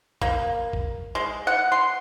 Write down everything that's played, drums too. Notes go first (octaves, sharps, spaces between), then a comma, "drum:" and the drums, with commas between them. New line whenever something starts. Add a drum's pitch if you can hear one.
A#3, drum: kick A1
drum: kick A1
G#3
F#5
C6